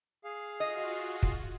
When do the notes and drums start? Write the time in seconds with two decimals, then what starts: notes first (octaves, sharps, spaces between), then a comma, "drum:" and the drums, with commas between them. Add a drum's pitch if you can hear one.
0.24 G#4 F5
0.60 F4 F#4 D#5
1.23 drum: kick